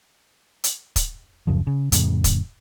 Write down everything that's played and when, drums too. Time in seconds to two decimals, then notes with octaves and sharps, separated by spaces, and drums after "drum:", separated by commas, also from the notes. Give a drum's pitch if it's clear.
0.64 drum: hi-hat
0.96 drum: kick, hi-hat
1.47 D1 F#2 C#3 F3
1.67 C#3
1.92 F2 A2 C#3, drum: hi-hat
2.24 drum: kick, hi-hat